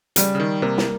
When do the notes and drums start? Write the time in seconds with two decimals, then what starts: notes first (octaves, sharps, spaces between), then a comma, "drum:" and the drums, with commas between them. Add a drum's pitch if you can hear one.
0.16 C#3 G3, drum: hi-hat
0.35 C#3
0.40 D#3
0.62 C3 A#3
0.78 drum: snare